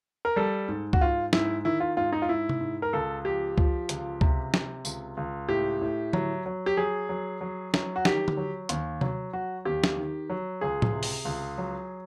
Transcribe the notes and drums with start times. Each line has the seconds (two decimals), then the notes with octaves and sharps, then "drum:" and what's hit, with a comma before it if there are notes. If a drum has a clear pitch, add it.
0.25 A#4
0.36 G3 A4
0.68 G#2
0.93 F#4, drum: kick C#2
1.01 G#2 F4
1.33 G#2 E4, drum: snare
1.65 D#3 E4
1.80 F4
1.97 G#2 F4
2.12 D#4
2.22 F4
2.29 G#2 E4
2.49 drum: tom C3
2.61 G#2
2.82 A#4
2.93 C#2 A4
3.25 F3 G4
3.58 F3, drum: kick C#2
3.89 C#2, drum: hi-hat
4.21 C3, drum: kick C#2
4.54 C3, drum: snare
4.85 C#2, drum: tambourine
5.17 C#2
5.49 A2 G4
5.81 A2
6.13 F#3, drum: tom D3
6.46 F#3
6.66 G4
6.77 F#3 G#4
7.09 F#3
7.41 F#3
7.74 F#3, drum: snare
7.96 F#4
8.05 D#3 G4, drum: snare
8.28 drum: tom D3
8.37 F#3
8.69 D#2, drum: hi-hat
9.01 F#3, drum: tom C3
9.33 F#3 F#4
9.65 D#2 G4
9.84 drum: snare
9.97 D#3
10.30 F#3
10.61 C#2 G#4
10.82 drum: tom A2
10.93 C3
11.03 drum: open hi-hat
11.25 C#2
11.58 F#3